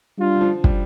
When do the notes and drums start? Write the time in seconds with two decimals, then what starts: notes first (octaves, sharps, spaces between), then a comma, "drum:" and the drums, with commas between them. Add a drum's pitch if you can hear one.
0.17 G3 D4 F4
0.35 D3
0.41 F3
0.64 G3, drum: kick